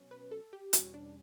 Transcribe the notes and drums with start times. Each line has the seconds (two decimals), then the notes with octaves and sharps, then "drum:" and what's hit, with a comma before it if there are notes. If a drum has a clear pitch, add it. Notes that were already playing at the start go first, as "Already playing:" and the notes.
Already playing: B2 F#3 C#4
0.11 B4
0.31 A4
0.53 G4
0.73 E2 B2 G3 C#4 F#4, drum: hi-hat
0.94 D4